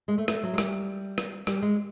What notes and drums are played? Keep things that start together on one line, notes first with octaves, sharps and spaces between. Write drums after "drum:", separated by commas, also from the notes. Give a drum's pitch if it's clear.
G#3
A3
A3, drum: rim click
F#3
G#3
G3, drum: rim click
drum: rim click
G3, drum: rim click
G#3